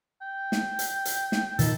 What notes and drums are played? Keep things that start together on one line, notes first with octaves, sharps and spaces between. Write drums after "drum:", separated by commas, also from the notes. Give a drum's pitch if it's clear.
G5
drum: snare
drum: hi-hat
drum: hi-hat
drum: snare
A#2 D#3 A4, drum: hi-hat